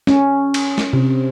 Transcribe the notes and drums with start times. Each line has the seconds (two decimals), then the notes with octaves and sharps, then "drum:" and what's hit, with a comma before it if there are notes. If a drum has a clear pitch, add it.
0.07 C#4, drum: snare
0.54 drum: cymbal
0.78 drum: snare
0.93 C3